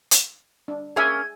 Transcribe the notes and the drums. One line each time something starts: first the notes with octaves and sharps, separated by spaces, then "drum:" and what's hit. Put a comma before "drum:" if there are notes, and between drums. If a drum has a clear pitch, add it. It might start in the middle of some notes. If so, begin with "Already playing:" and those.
drum: hi-hat
D4
A#3 C#4 G#4 E5 G#5 G#6